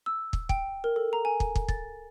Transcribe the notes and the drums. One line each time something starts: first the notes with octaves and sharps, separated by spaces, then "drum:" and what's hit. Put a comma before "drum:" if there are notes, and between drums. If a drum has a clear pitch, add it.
E6
drum: kick
G5, drum: kick
A#4
A4
A#5
G#5
drum: kick
drum: kick
A6, drum: kick